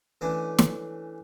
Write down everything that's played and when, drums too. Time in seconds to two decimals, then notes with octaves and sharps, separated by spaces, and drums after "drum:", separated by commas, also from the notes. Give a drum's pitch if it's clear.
0.21 E3 A3 C#4 D4
0.58 drum: snare